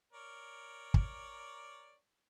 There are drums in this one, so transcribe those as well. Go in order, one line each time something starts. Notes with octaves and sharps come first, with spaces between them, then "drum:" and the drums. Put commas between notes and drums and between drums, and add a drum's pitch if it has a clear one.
A#4 C#5 D5
drum: kick